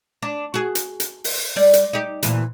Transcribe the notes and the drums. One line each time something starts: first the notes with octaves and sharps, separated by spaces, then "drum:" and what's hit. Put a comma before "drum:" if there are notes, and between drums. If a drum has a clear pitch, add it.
D4
F#4 G#4
drum: hi-hat
drum: hi-hat
drum: open hi-hat
G3 D5
drum: hi-hat
D#4 G4
D2 A#2 E3, drum: hi-hat